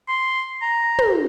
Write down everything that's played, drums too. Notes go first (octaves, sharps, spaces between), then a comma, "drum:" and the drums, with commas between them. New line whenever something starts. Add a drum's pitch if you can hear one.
C6
A#5
drum: tom